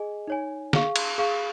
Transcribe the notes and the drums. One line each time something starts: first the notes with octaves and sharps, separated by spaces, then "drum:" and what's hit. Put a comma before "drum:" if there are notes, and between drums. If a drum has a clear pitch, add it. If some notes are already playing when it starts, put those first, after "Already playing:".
Already playing: G#4 D#5 G#5
D#4 C#5 G#5
G#4 F5 C#6, drum: snare
drum: cymbal
G#4 F5 C#6